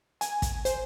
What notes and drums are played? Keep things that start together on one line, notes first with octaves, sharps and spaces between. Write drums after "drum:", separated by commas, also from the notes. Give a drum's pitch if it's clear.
G#5, drum: hi-hat
drum: kick, hi-hat
C5, drum: hi-hat